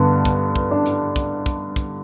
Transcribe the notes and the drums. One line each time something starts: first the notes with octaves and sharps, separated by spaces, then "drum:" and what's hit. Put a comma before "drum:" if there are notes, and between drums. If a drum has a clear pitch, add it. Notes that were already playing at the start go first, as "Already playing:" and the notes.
Already playing: G2 D3 B3
drum: kick, hi-hat
drum: kick
D4
drum: hi-hat
drum: kick, hi-hat
drum: kick, hi-hat
drum: kick, hi-hat